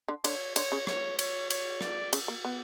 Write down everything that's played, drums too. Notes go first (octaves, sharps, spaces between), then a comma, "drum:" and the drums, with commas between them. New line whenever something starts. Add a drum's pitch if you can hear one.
D3
D3 C#5, drum: cymbal
D3 C#5, drum: cymbal
C#3
C#5, drum: rim click
C#5, drum: cymbal
C#5, drum: cymbal
D5, drum: rim click
C#3, drum: cymbal
A#3
B3